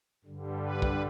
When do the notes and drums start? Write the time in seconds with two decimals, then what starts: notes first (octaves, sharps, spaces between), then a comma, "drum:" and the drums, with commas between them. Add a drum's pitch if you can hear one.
0.24 G2 D3 G3
0.62 B4
0.82 drum: kick